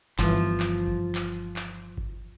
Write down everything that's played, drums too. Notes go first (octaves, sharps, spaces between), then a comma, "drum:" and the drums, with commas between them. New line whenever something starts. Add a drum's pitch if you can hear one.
G1 E3 F3, drum: clap
drum: clap
drum: kick G1
drum: clap
drum: clap
drum: kick G1